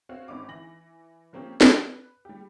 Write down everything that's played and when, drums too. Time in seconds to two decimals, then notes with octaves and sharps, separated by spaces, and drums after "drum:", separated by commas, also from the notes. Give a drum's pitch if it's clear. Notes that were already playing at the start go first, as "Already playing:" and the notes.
0.09 C4 F#4 C#5 F5
0.28 G#1 C4 C#4 D#5 D6
0.48 E3 A#6 F#7
1.33 F3 A#3 C4 C#4 G4
1.61 B4, drum: snare
2.25 G3 G4